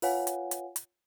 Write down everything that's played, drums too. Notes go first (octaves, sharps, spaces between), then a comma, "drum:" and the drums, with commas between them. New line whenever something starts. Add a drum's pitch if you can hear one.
F4 B4 C#5 F5 F#5 G#5, drum: open hi-hat
drum: hi-hat
drum: hi-hat
drum: hi-hat